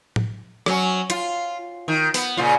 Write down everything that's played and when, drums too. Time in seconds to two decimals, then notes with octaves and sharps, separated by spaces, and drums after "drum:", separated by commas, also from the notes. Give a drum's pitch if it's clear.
0.16 drum: tom A2
0.66 F#3 C#4, drum: rim click
1.10 F4, drum: hi-hat
1.88 D#3
2.14 B3, drum: open hi-hat
2.37 A#2 C#3 F4